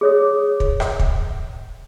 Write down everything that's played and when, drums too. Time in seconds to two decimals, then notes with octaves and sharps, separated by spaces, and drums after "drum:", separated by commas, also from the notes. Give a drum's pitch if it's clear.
0.01 G#4 C#5 D#6
0.60 drum: kick
0.80 drum: rim click
1.00 drum: kick